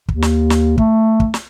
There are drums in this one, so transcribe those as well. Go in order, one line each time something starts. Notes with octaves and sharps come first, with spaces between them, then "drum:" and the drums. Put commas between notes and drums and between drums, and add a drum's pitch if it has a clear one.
D#2, drum: kick
drum: snare
drum: snare
A3, drum: kick
drum: kick
drum: snare